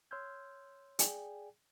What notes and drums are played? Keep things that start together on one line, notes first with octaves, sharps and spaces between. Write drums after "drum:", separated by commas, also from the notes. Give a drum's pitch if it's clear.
C#5 C6 E6 F6 G6 G#6
G#4 D5 G5 G#5, drum: hi-hat